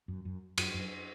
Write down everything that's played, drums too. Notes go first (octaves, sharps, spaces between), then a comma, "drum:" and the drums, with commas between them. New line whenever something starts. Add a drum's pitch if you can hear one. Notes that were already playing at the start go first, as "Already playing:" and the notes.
F#2
F#2
F#2, drum: cymbal
F#2